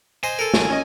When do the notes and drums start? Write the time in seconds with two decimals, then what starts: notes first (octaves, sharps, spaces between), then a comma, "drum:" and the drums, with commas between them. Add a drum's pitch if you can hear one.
0.24 C5 D#5 G#5
0.39 A4 A#4
0.54 A1, drum: snare
0.70 C#4 D#5